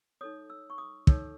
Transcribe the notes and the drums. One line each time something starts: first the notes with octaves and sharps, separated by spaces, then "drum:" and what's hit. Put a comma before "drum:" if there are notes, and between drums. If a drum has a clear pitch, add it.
D#4 A4 C#5 D#6
E6
C#6
D#6
D#4 A4 C#5 E6, drum: kick